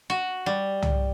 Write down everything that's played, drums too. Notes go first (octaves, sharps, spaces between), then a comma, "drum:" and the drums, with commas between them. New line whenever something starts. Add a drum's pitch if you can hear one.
F#4
G3
drum: tom